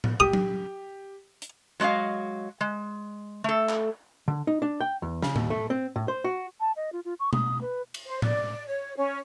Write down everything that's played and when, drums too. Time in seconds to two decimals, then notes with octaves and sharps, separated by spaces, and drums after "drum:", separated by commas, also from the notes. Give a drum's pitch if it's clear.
0.04 drum: tom A2
0.20 G4 D#6
0.33 drum: tom F#3
1.42 drum: hi-hat
1.80 F#3 G#3 F#4 D#5 F5
2.61 G#3
3.44 A3 A4
3.69 drum: clap
4.28 D3
4.47 D#4
4.62 D4
4.81 G5
5.02 E2
5.22 C#3, drum: snare
5.36 D#2, drum: tom A2
5.50 A3
5.70 C4
5.96 A2
6.08 C5
6.24 F#4
6.60 A5
6.76 D#5
6.93 F4
7.05 F4
7.20 C#6
7.33 D#6, drum: tom B2
7.61 B4
7.94 drum: cymbal
8.07 C5
8.22 D5, drum: tom A2
8.67 C#5
8.96 C#4